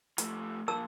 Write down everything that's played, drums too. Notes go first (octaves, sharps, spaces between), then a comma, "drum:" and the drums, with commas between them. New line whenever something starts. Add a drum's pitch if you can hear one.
F3 A3, drum: hi-hat
A#2 F3 A#4 A5 E6